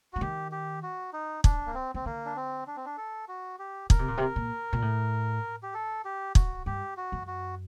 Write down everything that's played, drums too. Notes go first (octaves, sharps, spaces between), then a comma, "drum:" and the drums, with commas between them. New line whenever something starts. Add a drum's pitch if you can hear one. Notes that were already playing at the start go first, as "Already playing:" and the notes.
F#3 F#4
D#3 G4
G4
F#4
D#4
D4, drum: kick
A#3
C4
D#3 C4
D3 A#3
D4
C4
D4
C4
D4
A4
F#4
G4
D3 A#4, drum: kick
C3
A#2
C3
A#2
A#2
A2
G4
A4
G4
F#4, drum: kick
G2 G4
F#4
F#2
F#4